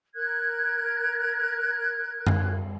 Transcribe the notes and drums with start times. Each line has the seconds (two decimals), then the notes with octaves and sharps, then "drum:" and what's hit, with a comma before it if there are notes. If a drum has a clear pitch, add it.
0.15 A#4 F#6 G#6
2.27 drum: tom F#2